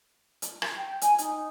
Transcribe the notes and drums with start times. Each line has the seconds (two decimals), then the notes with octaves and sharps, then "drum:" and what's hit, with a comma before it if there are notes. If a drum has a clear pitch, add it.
0.42 drum: hi-hat
0.62 drum: rim click
0.77 G5
1.01 G#5, drum: hi-hat
1.18 D#4, drum: hi-hat